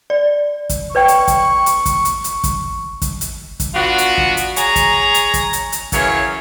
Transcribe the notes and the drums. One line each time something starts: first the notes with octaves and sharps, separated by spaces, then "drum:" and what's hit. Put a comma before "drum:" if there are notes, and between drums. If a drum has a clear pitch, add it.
D5
drum: kick, hi-hat
B4 D5 G5 C#6
drum: hi-hat
drum: kick, hi-hat
drum: hi-hat
drum: kick, hi-hat
drum: hi-hat
drum: hi-hat
drum: kick, hi-hat
drum: kick, hi-hat
drum: hi-hat
drum: kick, hi-hat
B3 D4 F4 F#4
drum: hi-hat
drum: kick
drum: hi-hat
G#4 C#5 A#5, drum: hi-hat
drum: kick, hi-hat
drum: hi-hat
drum: kick, hi-hat
drum: hi-hat
drum: hi-hat
F#2 C#3 E3 F#4 C#5, drum: kick, hi-hat